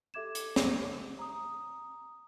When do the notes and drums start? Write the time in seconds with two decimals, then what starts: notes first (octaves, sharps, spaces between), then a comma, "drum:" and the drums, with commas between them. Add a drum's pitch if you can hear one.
0.14 G4 A4 E5 D6 G#6 E7
0.35 drum: hi-hat
0.56 drum: snare
1.19 A#5 D#6